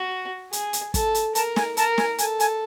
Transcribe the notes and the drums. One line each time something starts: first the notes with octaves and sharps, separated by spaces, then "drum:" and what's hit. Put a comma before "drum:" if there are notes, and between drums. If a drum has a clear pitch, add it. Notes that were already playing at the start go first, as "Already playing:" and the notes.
Already playing: F#4
G#4, drum: hi-hat
drum: hi-hat
A4, drum: kick, hi-hat
drum: hi-hat
A#4 A5, drum: hi-hat
G#5, drum: snare
A#4 A5, drum: hi-hat
G#5, drum: snare
A4 G#5, drum: hi-hat
G#5, drum: hi-hat